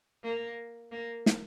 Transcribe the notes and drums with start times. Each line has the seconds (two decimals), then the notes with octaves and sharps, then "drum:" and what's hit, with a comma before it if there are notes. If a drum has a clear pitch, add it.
0.23 A#3
0.91 A#3
1.26 drum: snare